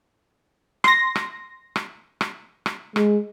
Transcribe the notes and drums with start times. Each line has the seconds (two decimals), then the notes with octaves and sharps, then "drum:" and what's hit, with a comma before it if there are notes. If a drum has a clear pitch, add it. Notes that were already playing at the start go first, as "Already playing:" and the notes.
0.84 C6 A#6, drum: rim click
1.15 drum: rim click
1.76 drum: rim click
2.21 drum: rim click
2.66 drum: rim click
2.96 G#3, drum: rim click